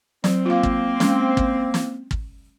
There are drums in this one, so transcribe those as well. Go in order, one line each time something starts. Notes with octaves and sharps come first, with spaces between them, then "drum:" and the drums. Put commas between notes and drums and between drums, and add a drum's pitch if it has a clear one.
F#3 C4, drum: snare
A#3 F4 F5
drum: kick
G#3 C#4, drum: snare
drum: kick
drum: snare
drum: kick